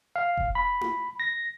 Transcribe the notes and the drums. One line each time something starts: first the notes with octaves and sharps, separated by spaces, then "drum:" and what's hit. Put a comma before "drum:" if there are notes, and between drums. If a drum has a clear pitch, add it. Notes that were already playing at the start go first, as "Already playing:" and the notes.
F5
drum: kick F1
B5
drum: tom E4
A#6